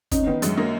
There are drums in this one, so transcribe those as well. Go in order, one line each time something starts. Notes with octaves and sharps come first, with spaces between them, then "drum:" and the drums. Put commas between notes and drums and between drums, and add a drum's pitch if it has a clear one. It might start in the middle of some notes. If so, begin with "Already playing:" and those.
C#4 D#4, drum: kick, hi-hat
C#4
D#3 B3
F#2 G#3, drum: hi-hat
A#3